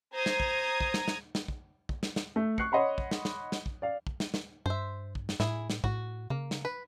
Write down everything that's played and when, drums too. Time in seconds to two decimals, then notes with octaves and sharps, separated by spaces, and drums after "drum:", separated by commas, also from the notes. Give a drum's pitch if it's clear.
0.14 C5 A#5 D#6 G#6
0.26 drum: snare
0.40 drum: kick
0.80 drum: kick
0.94 drum: snare
1.08 drum: snare
1.35 drum: snare
1.48 drum: kick
1.89 drum: kick
2.03 drum: snare
2.16 drum: snare
2.36 A3
2.58 C#6 F#6 C7 C#7, drum: kick
2.72 C#5 D#5 F#5 B5 C6
2.98 drum: kick
3.11 drum: snare
3.25 drum: snare
3.52 drum: snare
3.66 drum: kick
3.82 D5 F5
4.07 drum: kick
4.20 drum: snare
4.34 drum: snare
4.66 G2 C5 E5
5.15 drum: kick
5.29 drum: snare
5.40 A2 E4 G#4, drum: snare
5.70 drum: snare
5.84 A2 F#4, drum: kick
6.30 C#3 A#3
6.51 drum: snare
6.65 B4